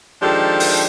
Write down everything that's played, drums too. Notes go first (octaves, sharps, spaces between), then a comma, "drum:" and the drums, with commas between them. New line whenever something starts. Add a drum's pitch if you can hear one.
D#3 F3 G#3 D4 G4 A4
drum: open hi-hat